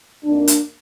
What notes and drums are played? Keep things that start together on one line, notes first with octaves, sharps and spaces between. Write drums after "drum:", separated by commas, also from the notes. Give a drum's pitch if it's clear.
F2 D#3 A#3 D4
drum: hi-hat